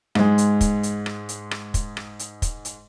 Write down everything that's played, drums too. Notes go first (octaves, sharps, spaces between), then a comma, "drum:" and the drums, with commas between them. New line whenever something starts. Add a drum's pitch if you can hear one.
G#2 G#3, drum: rim click
drum: hi-hat
drum: kick, hi-hat
drum: hi-hat
drum: rim click
drum: hi-hat
drum: rim click
drum: kick, hi-hat
drum: rim click
drum: hi-hat
drum: kick, hi-hat
drum: hi-hat